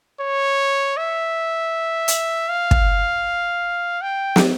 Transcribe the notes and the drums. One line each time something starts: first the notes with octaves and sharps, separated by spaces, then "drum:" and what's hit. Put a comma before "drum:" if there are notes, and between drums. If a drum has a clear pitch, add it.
C#5
E5
drum: hi-hat
F5
drum: kick
G5
drum: snare